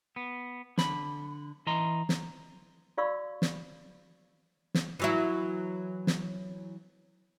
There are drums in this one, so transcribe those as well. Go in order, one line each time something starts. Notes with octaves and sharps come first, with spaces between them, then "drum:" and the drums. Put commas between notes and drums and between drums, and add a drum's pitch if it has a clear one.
B3
D3 B5, drum: snare
E3 D#5 A#5 C6
drum: snare
F#4 D5 F5 B5 C#6 E6
drum: snare
drum: snare
E3 F#3 E4
drum: snare